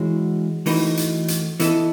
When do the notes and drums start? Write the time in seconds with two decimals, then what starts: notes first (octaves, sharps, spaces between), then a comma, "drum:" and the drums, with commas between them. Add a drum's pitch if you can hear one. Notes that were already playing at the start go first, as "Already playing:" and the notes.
Already playing: E3 G#3 C#4 F#4
0.66 E3 A3 D#4 F#4 B4, drum: open hi-hat
0.97 drum: hi-hat
1.28 drum: hi-hat
1.60 E3 B3 E4 A4 D#5, drum: hi-hat